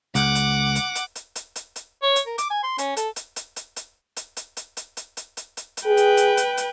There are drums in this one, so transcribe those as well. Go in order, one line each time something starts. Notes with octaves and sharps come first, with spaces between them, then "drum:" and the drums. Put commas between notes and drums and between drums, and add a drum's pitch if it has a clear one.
C#2 F#5 D6, drum: hi-hat
drum: hi-hat
drum: hi-hat
drum: hi-hat
drum: hi-hat
drum: hi-hat
drum: hi-hat
drum: hi-hat
C#5
drum: hi-hat
A#4
D6, drum: hi-hat
G#5
C6
C#4, drum: hi-hat
A4, drum: hi-hat
drum: hi-hat
drum: hi-hat
drum: hi-hat
drum: hi-hat
drum: hi-hat
drum: hi-hat
drum: hi-hat
drum: hi-hat
drum: hi-hat
drum: hi-hat
drum: hi-hat
drum: hi-hat
drum: hi-hat
G#4 B4 G5
drum: hi-hat
drum: hi-hat
drum: hi-hat
drum: hi-hat